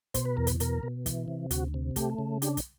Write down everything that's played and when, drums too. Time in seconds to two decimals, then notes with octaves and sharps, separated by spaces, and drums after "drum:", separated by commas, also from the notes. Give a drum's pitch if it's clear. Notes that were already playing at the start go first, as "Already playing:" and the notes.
0.14 B2 C5, drum: kick, hi-hat
0.25 B4
0.37 E2 A#4
0.47 B4, drum: kick, hi-hat
0.60 B2 A#4, drum: hi-hat
0.83 B2
1.06 E3, drum: kick, hi-hat
1.28 C3
1.51 D2 F#4, drum: hi-hat
1.74 C3
1.96 A3 G4, drum: kick, hi-hat
2.19 C#3
2.42 D4 G4, drum: hi-hat
2.57 drum: kick, hi-hat